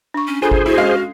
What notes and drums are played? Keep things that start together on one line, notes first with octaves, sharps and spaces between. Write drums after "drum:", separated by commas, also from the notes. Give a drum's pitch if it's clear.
D4 C#6
C#4
D4 F4 G#4 A4 C5 G#5
drum: kick G#1
E4 F#4
G#3 C#4 F5 C7